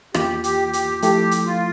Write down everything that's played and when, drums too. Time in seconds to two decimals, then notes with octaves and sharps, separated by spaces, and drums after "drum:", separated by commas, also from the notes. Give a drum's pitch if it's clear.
0.14 E2 E3 A#3 F4 G4, drum: rim click
0.44 G4, drum: hi-hat
0.73 G4, drum: hi-hat
1.02 F3 A3 E4 G4 A4, drum: hi-hat
1.31 drum: hi-hat
1.46 F4